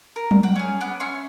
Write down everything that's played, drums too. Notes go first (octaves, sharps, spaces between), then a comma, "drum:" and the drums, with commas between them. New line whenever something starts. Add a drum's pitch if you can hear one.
A#4
drum: tom F#3
F#5 G5
C#4 G#4
B3 D6 F#6
C#4 E5 C6 C#6